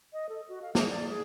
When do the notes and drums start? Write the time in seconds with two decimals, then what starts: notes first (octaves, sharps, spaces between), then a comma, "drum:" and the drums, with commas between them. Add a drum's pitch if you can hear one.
0.13 D#5
0.29 A4
0.49 F#4
0.62 F5
0.75 G#4, drum: snare
0.90 D5
1.09 G#4